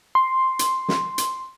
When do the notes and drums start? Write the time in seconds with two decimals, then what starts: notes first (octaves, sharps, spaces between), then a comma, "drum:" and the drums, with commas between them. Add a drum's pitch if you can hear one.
0.15 C6
0.59 drum: hi-hat
0.88 drum: snare
1.18 drum: hi-hat